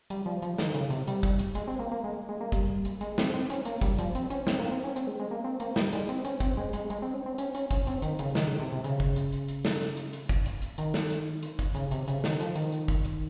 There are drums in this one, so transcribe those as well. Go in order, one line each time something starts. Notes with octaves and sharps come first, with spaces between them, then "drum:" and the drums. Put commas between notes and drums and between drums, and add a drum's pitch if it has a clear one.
G3, drum: hi-hat
F3
F3, drum: hi-hat
D#3, drum: snare
C#3, drum: hi-hat
C3, drum: hi-hat
G3, drum: hi-hat
drum: kick, hi-hat
drum: hi-hat
G#3, drum: hi-hat
C4
A#3
A#3
G#3
G#3
A#3
G3, drum: kick, hi-hat
drum: hi-hat
G#3, drum: hi-hat
C4, drum: snare
C4
C#4, drum: hi-hat
A#3, drum: hi-hat
G3, drum: kick, hi-hat
F3, drum: hi-hat
C4, drum: hi-hat
C#4, drum: hi-hat
C4, drum: snare
A#3
C4
C#4
C4, drum: hi-hat
G#3
G#3
A#3
C4
A#3, drum: hi-hat
G3, drum: snare
G#3, drum: hi-hat
C4, drum: hi-hat
C#4, drum: hi-hat
C4, drum: kick, hi-hat
G#3
G#3, drum: hi-hat
G#3, drum: hi-hat
C4
C#4
C4
C#4, drum: hi-hat
C#4, drum: hi-hat
C#4, drum: kick, hi-hat
C4, drum: hi-hat
D#3, drum: hi-hat
C#3, drum: hi-hat
D#3, drum: snare
C#3
C3
C3
C#3, drum: hi-hat
drum: kick
drum: hi-hat
drum: hi-hat
drum: hi-hat
drum: snare
drum: hi-hat
drum: hi-hat
drum: hi-hat
drum: kick, hi-hat
drum: hi-hat
drum: hi-hat
D#3, drum: hi-hat
drum: snare
drum: hi-hat
drum: hi-hat
drum: kick, hi-hat
C#3, drum: hi-hat
C3, drum: hi-hat
C#3, drum: hi-hat
D#3, drum: snare
F3, drum: hi-hat
D#3, drum: hi-hat
drum: hi-hat
drum: kick, hi-hat
drum: hi-hat